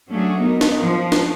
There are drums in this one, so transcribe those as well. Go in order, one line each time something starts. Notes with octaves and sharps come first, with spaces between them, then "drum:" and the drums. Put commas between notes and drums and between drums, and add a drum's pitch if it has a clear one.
F#3 A3 C#4 D4 F#4 G#4
B3 D#4 A#4
drum: snare
F3
drum: snare